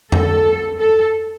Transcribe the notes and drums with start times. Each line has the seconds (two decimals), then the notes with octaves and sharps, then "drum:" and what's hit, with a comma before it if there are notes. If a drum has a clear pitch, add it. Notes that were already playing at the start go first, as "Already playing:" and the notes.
0.12 A4, drum: tom F2
0.78 A4